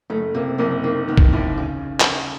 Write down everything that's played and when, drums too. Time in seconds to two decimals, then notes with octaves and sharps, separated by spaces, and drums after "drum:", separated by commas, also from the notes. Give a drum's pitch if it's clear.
0.10 F#1 A3
0.34 C3 A#3
0.58 F#1 A#3
0.83 D#3 A#3
1.08 D#3 B3
1.17 drum: kick
1.32 D#2 E4
1.57 C#3 D#4
2.00 drum: clap